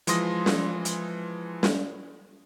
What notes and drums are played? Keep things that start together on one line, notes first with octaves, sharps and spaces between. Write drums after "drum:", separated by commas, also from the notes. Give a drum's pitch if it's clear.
E3 F3 G#3 C6 D#6 A#6, drum: hi-hat
drum: snare
drum: hi-hat
drum: snare